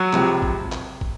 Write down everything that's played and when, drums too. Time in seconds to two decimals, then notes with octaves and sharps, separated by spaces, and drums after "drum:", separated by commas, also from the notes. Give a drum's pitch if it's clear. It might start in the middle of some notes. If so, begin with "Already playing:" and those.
Already playing: F#3 F#4
0.13 C#2 C3 F3, drum: clap
0.42 drum: kick
0.72 drum: clap
1.01 drum: kick